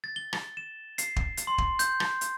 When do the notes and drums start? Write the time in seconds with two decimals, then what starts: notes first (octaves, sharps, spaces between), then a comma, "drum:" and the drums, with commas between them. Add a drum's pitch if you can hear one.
0.04 A6
0.16 G7
0.33 drum: rim click
0.57 E7
0.98 C7, drum: hi-hat
1.16 drum: kick
1.37 drum: hi-hat
1.47 C6
1.58 drum: kick
1.79 G6, drum: hi-hat
2.00 drum: rim click
2.21 drum: hi-hat